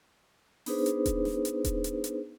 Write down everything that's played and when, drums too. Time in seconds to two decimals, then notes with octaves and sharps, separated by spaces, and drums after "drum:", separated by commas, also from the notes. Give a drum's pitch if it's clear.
0.66 B3 D4 D#4 G#4 B4 C5, drum: open hi-hat
0.86 drum: hi-hat
1.06 drum: kick D#1, hi-hat
1.25 drum: snare
1.45 drum: hi-hat
1.64 drum: kick D#1, hi-hat
1.84 drum: hi-hat
2.04 drum: hi-hat